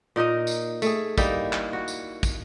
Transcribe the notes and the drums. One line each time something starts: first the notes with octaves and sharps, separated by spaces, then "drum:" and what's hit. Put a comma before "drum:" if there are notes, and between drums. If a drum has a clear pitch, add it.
A#2 D#4 A#4 D#5
drum: tambourine
A3 G#4, drum: tambourine
G3 A#3 D#4 E4, drum: kick, tambourine
drum: clap
F#4
drum: tambourine
drum: kick, tambourine